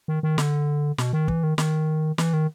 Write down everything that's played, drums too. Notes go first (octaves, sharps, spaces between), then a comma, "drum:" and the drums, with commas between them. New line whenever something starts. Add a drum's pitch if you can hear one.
D#3
D#3
D3, drum: snare
B2, drum: snare
D#3
E3, drum: kick
D#3
D#3, drum: snare
E3, drum: snare
D#3